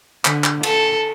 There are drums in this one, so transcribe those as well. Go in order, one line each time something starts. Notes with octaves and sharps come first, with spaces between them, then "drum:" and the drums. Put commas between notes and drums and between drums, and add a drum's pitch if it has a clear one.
D3, drum: clap
drum: clap
A4, drum: cymbal